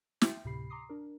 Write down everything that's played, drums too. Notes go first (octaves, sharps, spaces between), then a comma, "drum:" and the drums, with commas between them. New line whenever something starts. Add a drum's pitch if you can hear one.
E5 G5, drum: snare
D2 A2 C3 G4 B5 C7
A#5 C6 D6 D#6 C7
D4 A#4